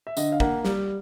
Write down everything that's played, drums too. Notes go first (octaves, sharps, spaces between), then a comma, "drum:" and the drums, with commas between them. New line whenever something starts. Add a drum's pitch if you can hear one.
E5
D3 D#5, drum: tambourine
F5
A#3 F#5, drum: kick
G3, drum: snare